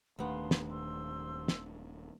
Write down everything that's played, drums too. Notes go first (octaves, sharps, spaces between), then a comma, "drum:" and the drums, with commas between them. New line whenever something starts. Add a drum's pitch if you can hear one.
D#1 D#2 A3 B3 D4 F5 C6
drum: snare
C5 C6 E6
drum: snare